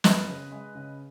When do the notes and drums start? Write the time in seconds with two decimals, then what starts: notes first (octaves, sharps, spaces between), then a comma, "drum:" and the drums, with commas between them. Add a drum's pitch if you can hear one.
0.04 F#2 B4 D#5, drum: snare
0.28 C#3
0.52 G#3
0.75 C#3